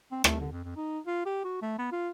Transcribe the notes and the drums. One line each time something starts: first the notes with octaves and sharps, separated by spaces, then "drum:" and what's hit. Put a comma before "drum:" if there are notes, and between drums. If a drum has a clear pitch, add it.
C4
A3, drum: rim click
D3
F2
F2
D#4
F4
G4
F#4
A3
B3
F4